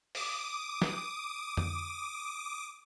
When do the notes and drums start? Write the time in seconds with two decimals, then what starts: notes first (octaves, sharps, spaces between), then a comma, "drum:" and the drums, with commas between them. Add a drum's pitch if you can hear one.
0.15 D6 D#6, drum: open hi-hat
0.82 drum: snare
1.57 drum: tom F2